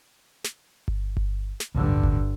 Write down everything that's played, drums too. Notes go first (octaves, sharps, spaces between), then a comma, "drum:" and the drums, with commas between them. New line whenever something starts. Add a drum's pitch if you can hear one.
drum: snare
drum: kick G1
drum: kick G1
drum: snare
A1 D2 G2 D3
drum: kick G1